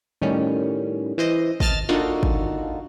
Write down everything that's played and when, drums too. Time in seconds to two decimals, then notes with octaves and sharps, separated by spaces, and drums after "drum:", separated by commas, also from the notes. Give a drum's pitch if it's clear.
0.21 A2 D#3 G3 C#4
1.18 E3 C5 D#5
1.60 D#5 A5 F6 A6, drum: kick
1.89 A#3 D4 D#4 F4 F#4 A4
2.23 drum: kick